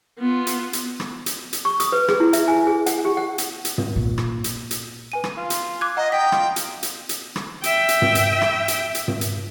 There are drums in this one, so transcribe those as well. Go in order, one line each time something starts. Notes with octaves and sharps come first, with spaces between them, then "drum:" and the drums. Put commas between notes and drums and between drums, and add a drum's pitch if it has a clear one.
B3 F4
drum: hi-hat
drum: hi-hat
drum: rim click
drum: hi-hat
drum: hi-hat
C#6
D#6, drum: hi-hat
B4
G#4, drum: rim click
E4
E5, drum: hi-hat
G#5
G#4
F#5, drum: hi-hat
G4
F#5
drum: hi-hat
drum: hi-hat
drum: tom
A#2
drum: rim click
drum: hi-hat
drum: hi-hat
B4 G#5 D#7
drum: rim click
F4
drum: hi-hat
D6 F#6 G#6
D#5 F#5 A#5
D#5 G5 B6
F4, drum: rim click
drum: hi-hat
drum: hi-hat
drum: hi-hat
drum: rim click
E5 G5, drum: hi-hat
drum: hi-hat
drum: tom
drum: hi-hat
drum: rim click
drum: hi-hat
drum: hi-hat
drum: tom
drum: hi-hat